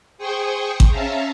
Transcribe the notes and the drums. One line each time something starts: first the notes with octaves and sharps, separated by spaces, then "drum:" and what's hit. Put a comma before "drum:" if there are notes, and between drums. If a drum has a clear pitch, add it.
G#4 C5 G5 C#6 D#6
drum: kick A1
C#4 E5 F5 A5 A#5